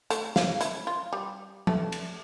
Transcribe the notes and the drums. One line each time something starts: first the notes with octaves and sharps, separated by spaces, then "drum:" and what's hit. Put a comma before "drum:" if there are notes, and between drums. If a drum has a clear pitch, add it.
A3, drum: hi-hat
F5, drum: snare
E4, drum: hi-hat
F4
G3
A3, drum: tom F3
drum: cymbal